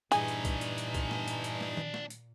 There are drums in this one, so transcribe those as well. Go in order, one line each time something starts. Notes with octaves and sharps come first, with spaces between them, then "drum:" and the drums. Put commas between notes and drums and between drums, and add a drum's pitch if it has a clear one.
G2 A#2 E3 D4 D#4 G#4 G#5, drum: hi-hat
drum: hi-hat
drum: kick C2, hi-hat
drum: hi-hat
drum: hi-hat
drum: kick C2, hi-hat
drum: snare
drum: hi-hat
drum: hi-hat
drum: snare
drum: tom D#3
drum: snare
drum: hi-hat